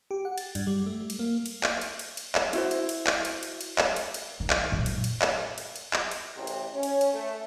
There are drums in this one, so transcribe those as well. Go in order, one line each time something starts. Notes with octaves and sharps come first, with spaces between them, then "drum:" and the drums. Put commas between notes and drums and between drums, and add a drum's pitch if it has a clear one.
G4
F#5
A6, drum: cymbal
G2, drum: cymbal
G3
A3
G3
drum: cymbal
A#3
drum: cymbal
drum: clap
drum: cymbal
drum: cymbal
drum: cymbal
drum: clap
E4 F#4 C5, drum: cymbal
drum: cymbal
drum: cymbal
drum: clap
drum: cymbal
drum: cymbal
drum: cymbal
drum: clap
drum: cymbal
drum: cymbal
D#3
drum: clap
F#2 A#2
drum: cymbal
drum: cymbal
drum: clap
drum: cymbal
drum: cymbal
drum: clap
drum: cymbal
A1 C3
drum: cymbal
C#4
drum: cymbal
drum: cymbal
A3